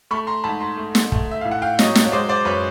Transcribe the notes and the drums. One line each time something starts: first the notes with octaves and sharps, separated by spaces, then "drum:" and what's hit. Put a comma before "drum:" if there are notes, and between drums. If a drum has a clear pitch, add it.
A3 B5 C#6
A#5 C6
G#2 A5 B5
A#5 C6
A3
drum: snare
A3, drum: kick
E5
A2 F5
F#5
F5 G5
F#3 C#5 D#5, drum: snare
drum: snare
C#5
G#3 C5 D5
C5 D5
F#2 B4 C#5